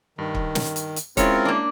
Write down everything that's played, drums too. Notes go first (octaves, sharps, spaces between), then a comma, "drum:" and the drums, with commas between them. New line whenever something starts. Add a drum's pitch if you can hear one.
G2 D#3
drum: kick
drum: snare
drum: hi-hat
drum: hi-hat
G#3 C4 C#4 E4 F4 A#4 C#5, drum: kick, hi-hat
A#3 D4